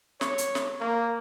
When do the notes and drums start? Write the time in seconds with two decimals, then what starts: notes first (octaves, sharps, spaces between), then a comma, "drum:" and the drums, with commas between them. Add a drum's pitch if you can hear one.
0.21 C#5, drum: snare
0.38 drum: hi-hat
0.55 drum: snare
0.81 A#3